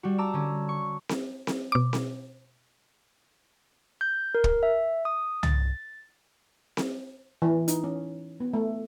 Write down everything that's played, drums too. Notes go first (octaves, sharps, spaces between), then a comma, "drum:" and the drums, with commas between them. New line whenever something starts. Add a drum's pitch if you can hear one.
G3 F#4
A5 A#5 D6 E6
D3 C#4
C#6
drum: snare C4
drum: snare C4
B2 D6
drum: snare C4
G6
A#4
drum: kick
E5
D#6
A6, drum: tom
drum: snare C4
E3
D#4, drum: hi-hat
C#4
B3
A3